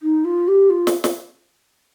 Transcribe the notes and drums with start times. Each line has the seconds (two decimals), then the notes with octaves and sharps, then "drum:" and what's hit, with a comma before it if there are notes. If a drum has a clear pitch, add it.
0.02 D#4
0.24 F4
0.48 G4
0.70 F4
0.87 drum: snare
1.04 drum: snare